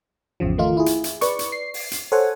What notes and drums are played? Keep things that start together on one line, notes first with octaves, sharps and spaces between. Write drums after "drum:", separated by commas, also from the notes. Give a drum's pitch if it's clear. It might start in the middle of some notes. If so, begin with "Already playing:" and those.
G#1 E2 C#3 F3
D#3 A3 D#4 F4
E4 G#4
drum: hi-hat
drum: hi-hat
B4 D5 C#6, drum: hi-hat
drum: hi-hat
C7
drum: open hi-hat
drum: hi-hat
A4 C5 C#5 F#5 G#5